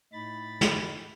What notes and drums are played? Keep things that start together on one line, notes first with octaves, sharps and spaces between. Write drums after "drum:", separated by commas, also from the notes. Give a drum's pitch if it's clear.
A2 D#4 B5 A6
drum: snare